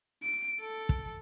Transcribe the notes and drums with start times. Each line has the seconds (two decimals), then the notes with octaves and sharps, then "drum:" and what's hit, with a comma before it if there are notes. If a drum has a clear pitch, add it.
0.23 D7
0.61 A4
0.89 drum: kick